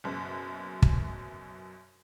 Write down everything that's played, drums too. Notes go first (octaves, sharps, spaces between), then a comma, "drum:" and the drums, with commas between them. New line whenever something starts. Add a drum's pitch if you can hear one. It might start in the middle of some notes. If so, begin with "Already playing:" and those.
F#1 F#2 B2
drum: kick